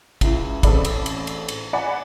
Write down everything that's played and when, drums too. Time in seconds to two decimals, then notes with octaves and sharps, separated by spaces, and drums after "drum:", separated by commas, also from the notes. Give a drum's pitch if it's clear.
0.21 C#2 E4, drum: kick, cymbal
0.63 A1 C4 A4 D5 B5, drum: kick, cymbal
0.85 drum: cymbal
1.06 drum: cymbal
1.27 drum: cymbal
1.48 drum: cymbal
1.73 D5 F#5 G#5 B5